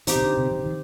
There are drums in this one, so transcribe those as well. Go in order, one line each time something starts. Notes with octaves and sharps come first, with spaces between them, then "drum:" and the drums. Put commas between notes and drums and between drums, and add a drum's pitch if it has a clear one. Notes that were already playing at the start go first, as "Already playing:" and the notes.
D#3 C4 D#4 G4, drum: hi-hat
C3
D3
C3
D#3
D3
D#3